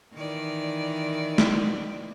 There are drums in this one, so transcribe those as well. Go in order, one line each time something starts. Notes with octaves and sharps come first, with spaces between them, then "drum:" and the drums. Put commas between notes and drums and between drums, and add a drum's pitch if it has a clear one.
D#3 E3 D5
drum: snare